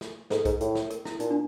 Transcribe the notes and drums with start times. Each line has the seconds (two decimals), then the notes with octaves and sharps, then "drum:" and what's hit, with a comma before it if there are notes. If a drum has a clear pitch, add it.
0.01 drum: snare
0.30 G#2 A4, drum: snare
0.45 G#2, drum: kick B1, hi-hat
0.61 A2, drum: hi-hat
0.75 drum: snare
0.90 A#4, drum: hi-hat
1.05 E4, drum: snare
1.20 A#2 D#4, drum: hi-hat
1.31 D4